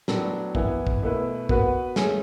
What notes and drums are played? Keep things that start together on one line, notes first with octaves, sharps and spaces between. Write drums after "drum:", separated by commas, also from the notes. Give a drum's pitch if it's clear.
A2 F#3 B3 D4 A4, drum: snare
E3 B3 E4, drum: kick
drum: kick
B2 A3 E4 B4
B3 F#4 B4, drum: kick
A3 C#4 G#4, drum: snare